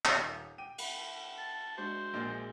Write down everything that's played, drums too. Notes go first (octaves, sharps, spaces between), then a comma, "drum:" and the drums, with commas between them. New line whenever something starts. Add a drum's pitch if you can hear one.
D#1 D#3, drum: clap
G5 D6 D#7
F#5 B5, drum: cymbal
A5
G#3 D4 F#4 C5
A#1 A#2 G#3 F6 A6